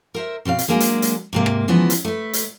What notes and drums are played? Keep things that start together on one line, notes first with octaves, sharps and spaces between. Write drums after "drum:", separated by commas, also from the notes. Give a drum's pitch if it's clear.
A#4 C5 E5
B2 C4 C5 F5
drum: hi-hat
F#3 G#3 A#3 D4 G#4
drum: hi-hat
drum: hi-hat
G#2 C3 A#3
drum: rim click
C#3 E3 F3 G#3 B3
drum: hi-hat
A3 B4
drum: hi-hat